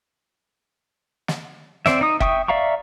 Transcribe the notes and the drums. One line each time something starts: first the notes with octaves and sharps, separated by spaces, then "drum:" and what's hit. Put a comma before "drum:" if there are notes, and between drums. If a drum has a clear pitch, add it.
drum: snare
C4 C5 D5 E5, drum: snare
D#4 D#6
E5 G5 C#6 D#6, drum: kick F#1
D5 E5 F5 A#5 C#6